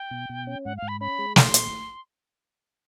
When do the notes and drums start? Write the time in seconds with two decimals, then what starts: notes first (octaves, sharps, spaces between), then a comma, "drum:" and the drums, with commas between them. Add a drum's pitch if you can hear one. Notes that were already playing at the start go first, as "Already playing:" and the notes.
Already playing: G5
0.11 B2
0.30 B2
0.47 C#4
0.65 G#2 F#5
0.77 F5
0.82 G#2
0.88 B5
1.00 C#4 B5
1.19 G#3
1.36 A#2 C6, drum: snare
1.54 A#2, drum: hi-hat